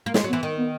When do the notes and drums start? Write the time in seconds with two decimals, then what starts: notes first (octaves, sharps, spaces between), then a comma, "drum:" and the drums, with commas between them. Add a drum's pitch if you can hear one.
0.06 A#3
0.14 G#3, drum: snare
0.24 F#3
0.29 B3
0.33 E3
0.43 D#3
0.57 B3